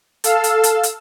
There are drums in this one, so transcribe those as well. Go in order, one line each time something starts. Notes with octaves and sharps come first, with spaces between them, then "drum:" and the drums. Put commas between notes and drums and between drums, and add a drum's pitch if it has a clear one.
A4 F5 E6, drum: hi-hat
drum: hi-hat
drum: hi-hat
drum: hi-hat